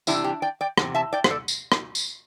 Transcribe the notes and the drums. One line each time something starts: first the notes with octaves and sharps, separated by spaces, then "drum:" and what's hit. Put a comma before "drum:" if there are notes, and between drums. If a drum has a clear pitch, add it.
E2 C3 G3 D4 E4, drum: tambourine
G4
D5 G5
D5 G5
E2 C3, drum: rim click
E5 A5
D5 G5
C5, drum: rim click
A4 D5
drum: tambourine
drum: rim click
drum: tambourine